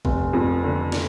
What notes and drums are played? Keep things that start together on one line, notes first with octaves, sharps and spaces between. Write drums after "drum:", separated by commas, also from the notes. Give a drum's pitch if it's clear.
F1, drum: kick A1
F2
D3
drum: snare